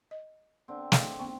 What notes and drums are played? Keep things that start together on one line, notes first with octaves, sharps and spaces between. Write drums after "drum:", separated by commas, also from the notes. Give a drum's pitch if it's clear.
D#5
D3 C4
G#4 D#5 F5, drum: snare
B3 C#4 C#6